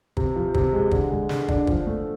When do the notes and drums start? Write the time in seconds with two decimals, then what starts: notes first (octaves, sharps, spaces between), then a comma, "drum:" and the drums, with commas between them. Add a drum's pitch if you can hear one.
0.17 C3, drum: kick
0.36 F3
0.54 C3, drum: kick
0.73 G#3
0.91 D3, drum: kick
1.10 G#3
1.29 D3, drum: snare
1.48 D4, drum: kick
1.67 F3, drum: kick
1.87 A3